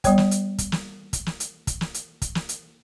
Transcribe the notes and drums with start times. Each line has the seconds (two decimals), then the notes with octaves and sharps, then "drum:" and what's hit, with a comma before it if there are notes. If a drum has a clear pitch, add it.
0.04 G3 B3 C#5 G5, drum: kick, hi-hat
0.18 drum: snare
0.31 drum: hi-hat
0.58 drum: kick, hi-hat
0.72 drum: snare
1.13 drum: kick, hi-hat
1.26 drum: snare
1.40 drum: hi-hat
1.67 drum: kick, hi-hat
1.81 drum: snare
1.94 drum: hi-hat
2.22 drum: kick, hi-hat
2.35 drum: snare
2.49 drum: hi-hat